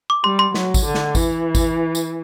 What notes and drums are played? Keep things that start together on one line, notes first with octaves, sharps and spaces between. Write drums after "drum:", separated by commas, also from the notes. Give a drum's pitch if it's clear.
D6
G3 C6
C6
F#3, drum: snare
drum: kick G#1, tambourine
D3
drum: snare
E3, drum: kick G#1, tambourine
drum: kick G#1, tambourine
drum: tambourine